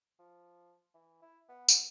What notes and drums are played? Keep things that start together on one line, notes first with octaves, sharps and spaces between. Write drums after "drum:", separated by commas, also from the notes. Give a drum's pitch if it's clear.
F3
E3
E4
B3
drum: tambourine